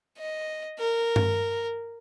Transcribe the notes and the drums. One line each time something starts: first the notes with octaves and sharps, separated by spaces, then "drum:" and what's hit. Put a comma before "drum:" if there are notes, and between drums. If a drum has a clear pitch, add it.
D#5
A#4
drum: tom G2